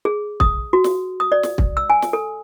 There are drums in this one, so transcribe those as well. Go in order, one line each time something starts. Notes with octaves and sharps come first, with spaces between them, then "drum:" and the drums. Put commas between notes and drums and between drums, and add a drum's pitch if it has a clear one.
G#4
D#6, drum: kick
F#4
drum: snare
D#6
D5
drum: snare
drum: kick
E6
G#5
drum: snare
A4